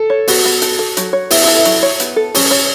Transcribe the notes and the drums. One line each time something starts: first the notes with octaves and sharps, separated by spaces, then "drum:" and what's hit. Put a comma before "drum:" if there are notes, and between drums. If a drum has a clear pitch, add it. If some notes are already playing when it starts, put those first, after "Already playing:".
Already playing: A4
C#5
B3 F#4, drum: open hi-hat
B3
A4, drum: hi-hat
A4
F#3, drum: hi-hat
C#5
B3 E4, drum: open hi-hat
E4
A4
E4
F#3, drum: hi-hat
C#5
B3, drum: hi-hat
A4
F#3 C#4, drum: open hi-hat
C#5